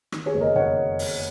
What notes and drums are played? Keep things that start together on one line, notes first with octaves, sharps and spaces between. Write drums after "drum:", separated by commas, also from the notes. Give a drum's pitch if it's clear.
D#3, drum: rim click
G#4 C#5
F#1
A#4 D#5
F#1 C#5 F#5, drum: tom
drum: open hi-hat